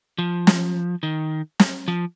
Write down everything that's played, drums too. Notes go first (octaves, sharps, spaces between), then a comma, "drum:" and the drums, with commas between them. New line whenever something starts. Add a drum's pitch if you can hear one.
F3
drum: snare
D#3
drum: snare
F3